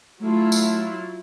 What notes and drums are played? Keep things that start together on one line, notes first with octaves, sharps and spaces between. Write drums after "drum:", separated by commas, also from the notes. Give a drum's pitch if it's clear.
F#3 A3 E4 F4
drum: tambourine